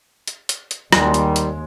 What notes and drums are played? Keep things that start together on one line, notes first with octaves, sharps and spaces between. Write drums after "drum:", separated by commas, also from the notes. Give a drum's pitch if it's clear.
drum: hi-hat
drum: hi-hat
drum: hi-hat
D#2 D#3 G3 G#3, drum: rim click
drum: hi-hat
drum: hi-hat